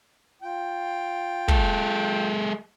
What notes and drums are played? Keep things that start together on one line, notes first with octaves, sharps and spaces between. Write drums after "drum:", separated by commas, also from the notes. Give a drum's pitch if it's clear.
F4 G5
G#3 A4, drum: kick